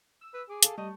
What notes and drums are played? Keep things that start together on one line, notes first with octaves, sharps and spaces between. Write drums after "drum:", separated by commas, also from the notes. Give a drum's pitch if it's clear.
E6
B4
G#4 D6
A4 F5, drum: hi-hat
G3 A3 D#5